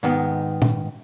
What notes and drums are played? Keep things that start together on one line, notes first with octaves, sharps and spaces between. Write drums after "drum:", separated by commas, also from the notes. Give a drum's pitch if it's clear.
G#2 D#3 B3
drum: tom